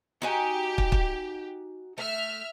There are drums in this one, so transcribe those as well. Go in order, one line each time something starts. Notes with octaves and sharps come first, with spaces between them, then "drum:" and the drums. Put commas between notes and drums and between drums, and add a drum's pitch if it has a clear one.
D#4 F#4 G4 G#5
drum: kick
drum: kick
A3 E5 F6